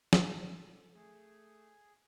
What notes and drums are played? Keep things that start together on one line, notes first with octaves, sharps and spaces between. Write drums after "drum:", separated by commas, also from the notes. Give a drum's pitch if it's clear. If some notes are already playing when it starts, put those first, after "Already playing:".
A4, drum: snare
A3 G#4